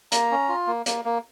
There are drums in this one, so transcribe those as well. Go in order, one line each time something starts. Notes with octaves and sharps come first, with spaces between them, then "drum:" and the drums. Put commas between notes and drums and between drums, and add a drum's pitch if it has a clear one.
A#3 A#5, drum: hi-hat
C#4
F4
A#3
A#3, drum: hi-hat
A#3